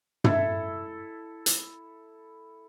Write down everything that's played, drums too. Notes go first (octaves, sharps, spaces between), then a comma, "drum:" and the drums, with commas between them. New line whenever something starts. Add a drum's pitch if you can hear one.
E4 A4, drum: tom
drum: hi-hat